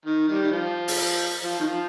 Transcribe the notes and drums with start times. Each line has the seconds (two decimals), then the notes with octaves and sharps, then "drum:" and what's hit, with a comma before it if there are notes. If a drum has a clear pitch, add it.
0.05 D#3
0.28 D#3 G3
0.42 D#3
0.52 F3
0.88 drum: open hi-hat
1.43 F3
1.60 D#3
1.67 F3